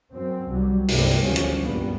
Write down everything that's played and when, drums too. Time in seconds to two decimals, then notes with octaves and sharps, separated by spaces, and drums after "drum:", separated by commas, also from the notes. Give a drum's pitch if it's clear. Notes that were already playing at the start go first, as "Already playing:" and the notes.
0.13 F#2 C4
0.50 C2 F#3 G3
0.88 C2 G2 G3 A3 B3 C4, drum: open hi-hat
1.22 G#1 D2 F3 G3 C#4
1.36 drum: hi-hat
1.62 C#2 G2 A#2 G3 B3